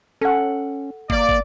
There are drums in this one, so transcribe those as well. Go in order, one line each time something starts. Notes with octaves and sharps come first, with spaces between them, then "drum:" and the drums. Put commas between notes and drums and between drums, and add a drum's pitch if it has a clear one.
C#4 A4 F#5
A#3 D5, drum: kick
drum: kick